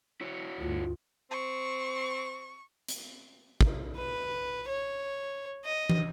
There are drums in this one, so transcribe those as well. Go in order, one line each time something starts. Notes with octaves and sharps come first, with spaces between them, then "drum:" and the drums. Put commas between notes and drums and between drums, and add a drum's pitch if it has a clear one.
E4 F#4 C#5
D2 G2 F4
C4 C#6
drum: hi-hat
drum: kick
B4
C#5
D#5
drum: tom